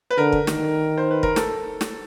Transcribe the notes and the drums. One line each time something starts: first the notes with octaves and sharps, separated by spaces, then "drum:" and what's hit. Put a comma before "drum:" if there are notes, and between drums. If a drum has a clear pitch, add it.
B4
D3 A#4
drum: kick
D#3, drum: snare
C5
B4
A#4, drum: kick
A4, drum: snare
drum: snare